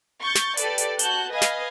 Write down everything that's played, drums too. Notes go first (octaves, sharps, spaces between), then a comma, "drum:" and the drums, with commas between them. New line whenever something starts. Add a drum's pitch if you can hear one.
C#6 G6 A6
drum: snare
G4 A4 B4 D5, drum: hi-hat
drum: hi-hat
F#4 A5 F#6 G6, drum: hi-hat
B4 D#5 F5 G#5
drum: snare